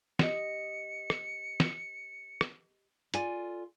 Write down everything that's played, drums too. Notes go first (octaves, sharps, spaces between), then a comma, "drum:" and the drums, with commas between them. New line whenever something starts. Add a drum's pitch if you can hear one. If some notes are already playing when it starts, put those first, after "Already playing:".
G4 D#5 C#7, drum: snare
drum: rim click
drum: snare
drum: rim click
F4 A4 D5 G#5, drum: hi-hat